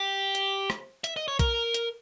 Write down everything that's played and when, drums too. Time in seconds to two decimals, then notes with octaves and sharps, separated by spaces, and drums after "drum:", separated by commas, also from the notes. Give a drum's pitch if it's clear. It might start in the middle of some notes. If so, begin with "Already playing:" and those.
Already playing: G4
0.35 drum: hi-hat
0.70 drum: rim click
1.04 E5, drum: hi-hat
1.16 D#5
1.28 C#5
1.39 A#4, drum: kick A#1, hi-hat
1.74 drum: hi-hat